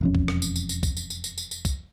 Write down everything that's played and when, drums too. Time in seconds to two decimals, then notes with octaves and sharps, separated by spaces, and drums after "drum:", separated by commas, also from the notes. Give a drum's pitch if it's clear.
0.01 E1 F2 C#4
0.15 drum: kick
0.28 drum: rim click
0.42 drum: tambourine
0.56 drum: tambourine
0.69 drum: tambourine
0.83 drum: kick, tambourine
0.97 drum: tambourine
1.10 drum: tambourine
1.24 drum: tambourine
1.38 drum: tambourine
1.51 drum: tambourine
1.65 drum: kick, tambourine